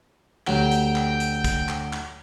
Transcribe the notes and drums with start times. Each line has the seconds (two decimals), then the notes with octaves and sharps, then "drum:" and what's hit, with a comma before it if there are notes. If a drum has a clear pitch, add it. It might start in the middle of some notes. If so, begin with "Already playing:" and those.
0.47 D2 F#3 G4 G5, drum: clap
0.72 drum: hi-hat
0.96 drum: clap
1.20 drum: hi-hat
1.44 drum: kick, hi-hat
1.69 drum: clap
1.93 drum: clap